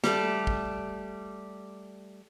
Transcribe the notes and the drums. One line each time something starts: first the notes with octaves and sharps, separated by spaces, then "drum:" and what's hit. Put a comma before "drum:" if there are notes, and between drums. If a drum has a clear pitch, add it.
G3 A3, drum: snare
drum: kick